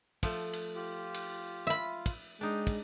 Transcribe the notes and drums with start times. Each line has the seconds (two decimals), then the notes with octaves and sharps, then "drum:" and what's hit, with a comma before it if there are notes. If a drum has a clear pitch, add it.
0.23 F3 A3, drum: kick, cymbal
0.53 drum: cymbal
0.75 F4 G4
1.14 drum: cymbal
1.67 F4 E5 B5
2.06 drum: kick, cymbal
2.41 G#3 D4 D#4 G5
2.67 drum: kick, cymbal